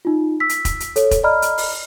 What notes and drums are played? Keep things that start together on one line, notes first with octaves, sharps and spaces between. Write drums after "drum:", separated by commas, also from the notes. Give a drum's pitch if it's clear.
D#4 F4
E6 B6
drum: hi-hat
drum: kick E1, hi-hat
drum: hi-hat
A4 C#5, drum: hi-hat
drum: kick E1, hi-hat
D5 D#5 A#5 B5 F6
drum: hi-hat
drum: open hi-hat